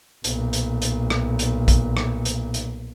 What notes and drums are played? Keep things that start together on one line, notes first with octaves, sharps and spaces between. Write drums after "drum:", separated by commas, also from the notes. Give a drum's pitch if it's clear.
B1 A#2, drum: hi-hat
drum: hi-hat
drum: hi-hat
drum: rim click
drum: hi-hat
drum: kick A#1, hi-hat
drum: rim click
drum: hi-hat
drum: hi-hat